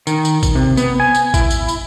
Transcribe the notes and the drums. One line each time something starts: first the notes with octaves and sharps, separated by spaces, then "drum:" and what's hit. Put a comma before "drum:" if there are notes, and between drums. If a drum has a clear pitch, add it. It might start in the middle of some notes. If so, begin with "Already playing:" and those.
D#3, drum: tambourine
drum: tambourine
drum: kick G#1, tambourine
C3
B3, drum: tambourine
G#5
drum: tambourine
E4, drum: kick G#1, tambourine
drum: tambourine
drum: tambourine